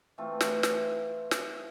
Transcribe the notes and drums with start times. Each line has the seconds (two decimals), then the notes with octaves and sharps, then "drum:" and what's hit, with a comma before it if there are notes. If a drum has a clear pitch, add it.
0.18 E3 A3 C4 F4
0.41 drum: snare
0.63 drum: snare
1.31 drum: snare